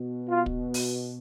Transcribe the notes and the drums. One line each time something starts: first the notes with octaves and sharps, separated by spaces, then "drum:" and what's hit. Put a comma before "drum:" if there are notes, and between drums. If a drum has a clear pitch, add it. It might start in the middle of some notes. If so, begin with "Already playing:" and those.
Already playing: B2
F4
drum: kick
drum: open hi-hat